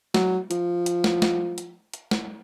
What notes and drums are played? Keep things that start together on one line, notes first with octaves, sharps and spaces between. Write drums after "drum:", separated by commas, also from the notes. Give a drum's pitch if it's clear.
F#3, drum: snare
F3, drum: hi-hat
drum: hi-hat
drum: snare
drum: snare
drum: hi-hat
drum: hi-hat
drum: snare